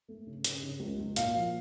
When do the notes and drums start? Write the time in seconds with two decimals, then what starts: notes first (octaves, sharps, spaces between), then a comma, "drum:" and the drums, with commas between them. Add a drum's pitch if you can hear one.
0.08 A3
0.27 C#3
0.44 C#3, drum: hi-hat
0.62 C#3
0.80 C#2
0.98 C#2
1.16 A#2 F5, drum: hi-hat
1.35 F3